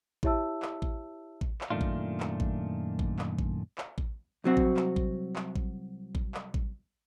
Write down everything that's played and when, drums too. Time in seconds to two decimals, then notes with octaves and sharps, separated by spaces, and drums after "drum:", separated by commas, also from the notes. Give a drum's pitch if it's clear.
0.23 E4 G4 C#5 E5 A5 E6, drum: kick A1
0.62 drum: clap
0.82 drum: kick A1
1.41 drum: kick A1
1.61 drum: clap
1.70 F#2 A#2 D#3 A3 D4 F4
1.81 drum: kick A1
2.20 drum: clap
2.40 drum: kick A1
2.99 drum: kick A1
3.19 drum: clap
3.39 drum: kick A1
3.78 drum: clap
3.98 drum: kick A1
4.44 C2 F#3 C4 F#4
4.57 drum: kick A1
4.77 drum: clap
4.96 drum: kick A1
5.36 drum: clap
5.56 drum: kick A1
6.15 drum: kick A1
6.34 drum: clap
6.54 drum: kick A1